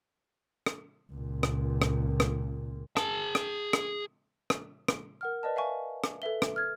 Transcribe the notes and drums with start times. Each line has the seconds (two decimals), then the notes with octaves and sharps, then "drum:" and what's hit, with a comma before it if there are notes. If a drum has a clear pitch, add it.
0.66 drum: rim click
1.13 C#2 A#2
1.43 drum: rim click
1.82 drum: rim click
2.20 drum: rim click
2.97 G#4 A5, drum: rim click
3.35 drum: rim click
3.73 drum: rim click
4.50 drum: rim click
4.88 drum: rim click
5.21 A#4 F#5 F6
5.43 B4 D5 D#5 A5
5.56 E5 F5 G#5 C#6
6.04 drum: rim click
6.22 A4 B4 E5 G7
6.42 drum: rim click
6.56 F6 G#6